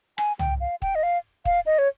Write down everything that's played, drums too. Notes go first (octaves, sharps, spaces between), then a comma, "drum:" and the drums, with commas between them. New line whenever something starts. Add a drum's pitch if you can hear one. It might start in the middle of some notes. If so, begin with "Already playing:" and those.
G#5, drum: rim click
G5, drum: tom C2
F5
G5, drum: kick
D#5
F5
F5, drum: kick
D#5
C#5